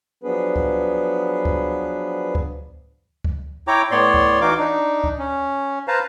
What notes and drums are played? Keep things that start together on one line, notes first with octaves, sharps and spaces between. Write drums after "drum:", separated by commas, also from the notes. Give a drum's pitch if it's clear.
F3 F#3 B3 D4 G#4 B4
drum: kick C#2
drum: kick C#2
drum: kick C#2
drum: kick C#2
E4 C#5 G5 A#5 D6
A2 B3 C#5 D5 C6
drum: kick C#2
E3 D#4 F#4 F5 D6
D4 D#4
drum: kick C#2
C#4
B4 C5 F5 A5 A#5